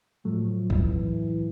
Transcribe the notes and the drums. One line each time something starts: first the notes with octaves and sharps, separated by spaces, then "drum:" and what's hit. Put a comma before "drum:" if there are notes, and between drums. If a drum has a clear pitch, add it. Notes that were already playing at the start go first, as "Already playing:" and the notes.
A2 F3 F#3 A3
E3, drum: kick